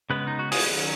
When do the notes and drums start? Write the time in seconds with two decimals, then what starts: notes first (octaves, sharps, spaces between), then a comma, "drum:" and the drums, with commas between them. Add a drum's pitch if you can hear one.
0.10 C#3 G#3 B3 B4
0.27 D#4
0.39 F#4
0.52 G#4, drum: open hi-hat
0.64 D#3 F#3 C#4 B4